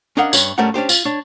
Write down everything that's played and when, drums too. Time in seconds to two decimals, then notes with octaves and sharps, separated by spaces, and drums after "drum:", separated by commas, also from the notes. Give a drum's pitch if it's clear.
0.17 C#4 D4 A#4 D#5 F5 F#5
0.33 G2 C#4 C#5, drum: tambourine
0.58 G2 G3 A3 C#4 A#4 F#5
0.74 C#4 D4 G4 C5
0.89 F4, drum: tambourine
1.05 D4 C#5